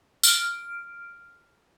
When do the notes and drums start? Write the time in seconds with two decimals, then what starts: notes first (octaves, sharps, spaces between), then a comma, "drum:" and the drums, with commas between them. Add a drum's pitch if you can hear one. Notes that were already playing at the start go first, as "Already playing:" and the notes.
0.23 F6 D7, drum: tambourine